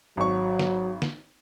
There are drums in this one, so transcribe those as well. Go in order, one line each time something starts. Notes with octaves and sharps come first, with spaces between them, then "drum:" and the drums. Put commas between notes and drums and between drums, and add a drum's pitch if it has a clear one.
G#1 F#3 C#6
drum: snare
drum: snare